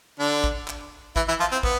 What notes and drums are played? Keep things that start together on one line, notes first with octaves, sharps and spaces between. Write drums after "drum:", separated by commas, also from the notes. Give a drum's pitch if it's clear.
D3 D4
drum: kick
drum: clap
E3 E4, drum: kick
E3 E4
F3 F4
C4
B3, drum: kick